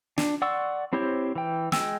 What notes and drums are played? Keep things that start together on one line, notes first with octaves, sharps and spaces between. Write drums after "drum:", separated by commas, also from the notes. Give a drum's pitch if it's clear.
D4, drum: snare
D5 F#5 C6 C#6 E6
C4 E4 G4 C5 C#5
E3 G5
G#3 G5 E6, drum: snare